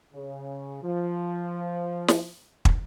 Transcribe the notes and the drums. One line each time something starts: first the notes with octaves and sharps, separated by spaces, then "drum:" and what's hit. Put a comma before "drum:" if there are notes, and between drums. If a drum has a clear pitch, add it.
C#3
F3
drum: snare
drum: kick